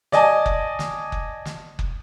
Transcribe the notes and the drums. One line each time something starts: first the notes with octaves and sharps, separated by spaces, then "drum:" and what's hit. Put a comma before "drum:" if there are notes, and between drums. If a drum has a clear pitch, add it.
D5 D#5 G#5 A5, drum: snare
drum: kick F#1
drum: snare
drum: kick F#1
drum: snare
drum: kick F#1